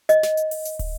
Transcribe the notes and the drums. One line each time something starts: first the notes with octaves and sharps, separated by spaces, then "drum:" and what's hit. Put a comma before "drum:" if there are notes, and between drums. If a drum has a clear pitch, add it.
D#5, drum: hi-hat
drum: snare
drum: hi-hat
drum: open hi-hat
drum: hi-hat
drum: kick, open hi-hat